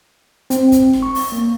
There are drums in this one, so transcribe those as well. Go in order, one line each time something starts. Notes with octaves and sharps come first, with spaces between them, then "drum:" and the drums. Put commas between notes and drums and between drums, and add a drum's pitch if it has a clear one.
C4, drum: hi-hat
drum: kick, hi-hat
drum: snare
C#6
drum: open hi-hat
A#3